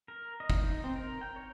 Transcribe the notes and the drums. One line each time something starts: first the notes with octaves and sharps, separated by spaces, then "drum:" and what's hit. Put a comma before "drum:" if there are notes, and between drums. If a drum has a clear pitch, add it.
A#4
D#5
drum: kick
D#4
C4
A#4
G5
C#5